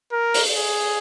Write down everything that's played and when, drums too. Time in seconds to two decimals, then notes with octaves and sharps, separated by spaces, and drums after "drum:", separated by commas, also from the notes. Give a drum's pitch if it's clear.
0.12 A#4
0.34 drum: open hi-hat
0.55 G#4